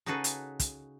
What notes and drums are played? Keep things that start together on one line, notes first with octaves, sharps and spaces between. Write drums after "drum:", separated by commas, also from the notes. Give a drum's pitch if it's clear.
C#3 D#4 F#4 G#4 A4 B4
drum: hi-hat
drum: kick, hi-hat